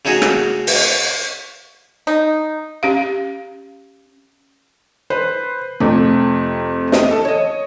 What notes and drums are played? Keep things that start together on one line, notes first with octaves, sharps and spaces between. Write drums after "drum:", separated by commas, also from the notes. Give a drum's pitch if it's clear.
C#3 A3 C#4 D#4 F#4 G#4
drum: rim click
drum: open hi-hat
D#4
C#4 G4 F5
B4 C5
F2 C3 A3
D#5, drum: snare
A4
C#5 D#5